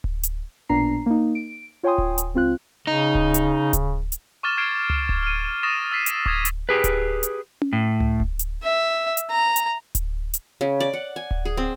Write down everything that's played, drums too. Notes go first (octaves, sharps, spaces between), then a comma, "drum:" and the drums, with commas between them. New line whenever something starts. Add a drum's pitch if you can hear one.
drum: kick D1
drum: hi-hat
A1 A#2 B3 D4 A#5 C7
A#3 D#4
D7
F4 C#5 G5 G#5 C6 D#6
drum: kick D1
drum: hi-hat
C#2 C4 F4 F#6
C#3 D#4
drum: kick D1
drum: hi-hat
drum: kick D1, hi-hat
drum: hi-hat
C#6 D6 F6 A6 E7
C#6 F6 G#6 C7 D7
drum: tom C#2
drum: kick D1
F6 D#7
C#6 D#6 A6 A#6 D#7 E7
E6 A6 B6 C7 D#7
drum: hi-hat
D6 D#6 G#6 A#6, drum: kick D1
drum: hi-hat
G4 G#4 B4
drum: kick D1, hi-hat
drum: hi-hat
drum: tom C#4
A2
drum: tom C#2
drum: kick D1
drum: hi-hat
E5
drum: hi-hat
A#5
drum: hi-hat
drum: kick D1, hi-hat
drum: hi-hat
C#3
D5
F#5
G#5
drum: kick D1
G#4
C4